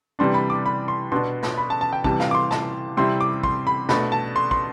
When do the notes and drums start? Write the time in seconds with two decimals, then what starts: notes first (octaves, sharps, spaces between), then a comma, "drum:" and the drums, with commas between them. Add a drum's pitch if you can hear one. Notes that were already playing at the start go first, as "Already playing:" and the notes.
0.19 C3 E3 G3 D4 C6
0.34 B5
0.50 D6
0.66 B5
0.88 C6
1.12 B2 B3 D4 C6
1.43 drum: snare
1.58 B5
1.70 A5
1.81 A5
1.93 G5
2.04 C3 E3 G3 A5, drum: kick
2.20 F5, drum: snare
2.31 D6
2.35 C6
2.51 A5, drum: snare
2.97 C3 G3 C4 E4 C6
3.21 D6
3.43 C6, drum: kick
3.67 B5
3.89 B2 A3 D4 B5, drum: snare
4.12 A5
4.36 C6
4.51 C6, drum: kick